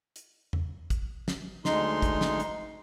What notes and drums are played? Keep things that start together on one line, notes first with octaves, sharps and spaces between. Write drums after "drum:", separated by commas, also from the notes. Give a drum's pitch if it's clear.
drum: hi-hat
drum: tom E2
drum: kick, hi-hat
drum: snare
D2 G#3 D#4 C6, drum: snare
drum: kick, hi-hat
drum: snare
drum: hi-hat